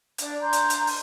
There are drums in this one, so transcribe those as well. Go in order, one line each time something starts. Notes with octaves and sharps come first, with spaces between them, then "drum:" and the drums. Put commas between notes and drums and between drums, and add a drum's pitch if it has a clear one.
D4, drum: hi-hat
D4 A#5 C6 G6
drum: hi-hat
drum: hi-hat
drum: open hi-hat